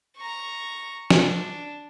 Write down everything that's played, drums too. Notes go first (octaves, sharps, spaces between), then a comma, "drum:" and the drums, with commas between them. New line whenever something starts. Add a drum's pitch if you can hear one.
A#5 C#6
D4, drum: snare